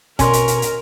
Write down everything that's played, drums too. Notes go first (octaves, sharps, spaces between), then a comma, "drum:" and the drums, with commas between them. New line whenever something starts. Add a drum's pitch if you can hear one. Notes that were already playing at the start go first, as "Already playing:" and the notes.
B2 C#4 A#4 G#5 C6, drum: kick, hi-hat
drum: hi-hat
drum: hi-hat
drum: hi-hat